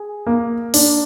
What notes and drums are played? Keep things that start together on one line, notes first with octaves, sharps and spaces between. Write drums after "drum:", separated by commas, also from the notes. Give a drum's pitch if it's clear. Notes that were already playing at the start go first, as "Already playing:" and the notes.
Already playing: G#4
A#3
D4, drum: open hi-hat